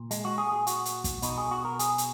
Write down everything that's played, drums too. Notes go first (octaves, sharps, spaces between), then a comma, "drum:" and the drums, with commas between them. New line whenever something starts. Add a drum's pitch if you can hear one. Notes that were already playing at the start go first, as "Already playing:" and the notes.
Already playing: A#2
G#3, drum: hi-hat
F#4
G#4
G#4
F#4, drum: hi-hat
drum: hi-hat
drum: kick, hi-hat
B2 D#4, drum: hi-hat
G#4
F#4
A#4
G#4, drum: hi-hat
drum: hi-hat